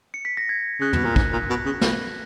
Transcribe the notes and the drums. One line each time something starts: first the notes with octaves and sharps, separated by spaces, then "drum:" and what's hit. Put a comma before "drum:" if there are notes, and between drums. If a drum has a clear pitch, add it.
C#7
B6
A#6
G#6
C#3 F#6
B2, drum: tom
A#2
G#2, drum: kick
A#2
B2
C#3
B2, drum: snare